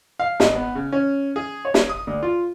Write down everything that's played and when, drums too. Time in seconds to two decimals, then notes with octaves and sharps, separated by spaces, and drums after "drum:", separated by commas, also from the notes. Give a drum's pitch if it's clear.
0.20 F5
0.40 G#1, drum: snare
0.55 B3
0.75 C#3
0.92 C#4
1.36 G#4
1.65 C#5
1.74 drum: snare
1.89 D#6
2.07 D2
2.23 F4